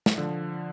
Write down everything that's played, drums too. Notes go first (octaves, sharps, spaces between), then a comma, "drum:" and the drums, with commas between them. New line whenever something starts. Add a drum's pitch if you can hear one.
drum: snare
D3 F3